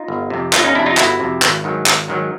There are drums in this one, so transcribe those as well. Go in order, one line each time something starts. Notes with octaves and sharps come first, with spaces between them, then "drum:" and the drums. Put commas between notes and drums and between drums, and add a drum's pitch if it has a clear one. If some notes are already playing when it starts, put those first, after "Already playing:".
Already playing: D#4 F4
G1
F2 C3
G1 D#4 F4, drum: clap
C#4 D#4
F2 C3 D4 E4
D#4 F4
G1 E4 F#4, drum: clap
F2 C3
G#1, drum: clap
G#2 D#3 F#3
G#1, drum: clap
G#2 D#3 F#3